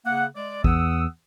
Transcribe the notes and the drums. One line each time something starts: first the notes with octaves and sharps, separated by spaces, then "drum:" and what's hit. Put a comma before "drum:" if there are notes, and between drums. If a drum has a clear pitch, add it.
C#3 A#3 F#5
G#3 D5
E2 F#5 D#6 E6, drum: kick A1